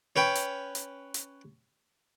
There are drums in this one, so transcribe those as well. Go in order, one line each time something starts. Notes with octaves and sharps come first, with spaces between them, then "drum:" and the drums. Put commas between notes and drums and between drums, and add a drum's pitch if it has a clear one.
C#4 B4 G5
drum: hi-hat
drum: hi-hat
drum: hi-hat